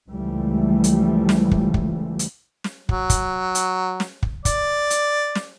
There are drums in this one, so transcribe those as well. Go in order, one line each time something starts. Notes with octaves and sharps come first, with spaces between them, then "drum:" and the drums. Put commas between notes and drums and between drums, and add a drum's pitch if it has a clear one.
C#2 E3 F3 G3 A3
drum: hi-hat
drum: snare
drum: kick
drum: kick
drum: hi-hat
drum: snare
F#3, drum: kick
drum: kick, hi-hat
drum: hi-hat
drum: snare
drum: kick
D5, drum: kick, hi-hat
drum: hi-hat
drum: snare